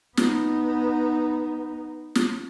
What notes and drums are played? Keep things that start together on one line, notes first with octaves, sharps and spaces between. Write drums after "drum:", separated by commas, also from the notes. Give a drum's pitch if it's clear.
B3 D#4, drum: snare
drum: snare